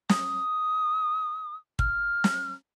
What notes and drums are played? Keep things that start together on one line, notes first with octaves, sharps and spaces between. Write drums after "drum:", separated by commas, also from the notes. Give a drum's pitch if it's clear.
D#6, drum: snare
F6, drum: kick
drum: snare